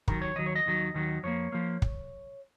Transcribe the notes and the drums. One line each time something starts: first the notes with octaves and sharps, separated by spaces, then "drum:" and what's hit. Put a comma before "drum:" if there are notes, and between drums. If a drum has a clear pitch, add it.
D#2 D#3 F#3 A#4, drum: kick
C#5
D#2 D#3 F#3 D#5
C#5
D#5
D#2 D#3 F#3
D#2 D#3 F#3
F2 F3 A#3 C#5
F3 A#3
drum: kick